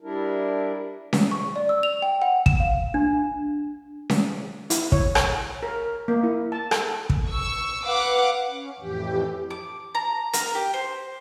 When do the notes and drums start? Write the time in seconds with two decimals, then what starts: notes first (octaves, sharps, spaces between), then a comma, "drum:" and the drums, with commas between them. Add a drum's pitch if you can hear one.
0.01 G3 D4 E4 A#4
1.13 drum: snare C#4
1.31 C#6
1.56 D5
1.69 E6
1.83 F7
2.02 G5
2.22 F#5
2.46 E7, drum: kick
2.60 F5
2.94 D4
4.10 drum: snare C#4
4.70 E4, drum: hi-hat
4.92 C#5, drum: kick
5.15 C#5, drum: rim click
5.63 A#4
6.08 A#3
6.23 E4
6.52 A5
6.71 A4, drum: rim click
7.10 drum: kick
7.26 C#6 E6
7.84 B4 F5 F#5 D6
8.50 C#4
8.80 F2 A2 E3 G4
9.50 D6
9.95 A#5
10.33 A#4, drum: hi-hat
10.55 G4
10.74 C5